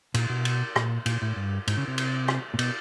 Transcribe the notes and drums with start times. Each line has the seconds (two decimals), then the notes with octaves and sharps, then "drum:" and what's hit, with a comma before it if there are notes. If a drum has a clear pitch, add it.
0.14 A#2, drum: cymbal
0.30 B2
0.45 drum: cymbal
0.76 A#2, drum: rim click
1.06 A#2, drum: cymbal
1.22 A2
1.36 G2
1.67 G#2, drum: cymbal
1.77 C#3
1.88 C3
1.98 drum: cymbal
2.28 drum: rim click
2.54 A#2
2.59 B2, drum: cymbal